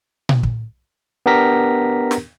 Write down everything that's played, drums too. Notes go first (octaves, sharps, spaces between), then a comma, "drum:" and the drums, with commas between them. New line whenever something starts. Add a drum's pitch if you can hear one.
drum: tom A#2
drum: kick
B3 D4 G4 A#4 A#6 B6
drum: snare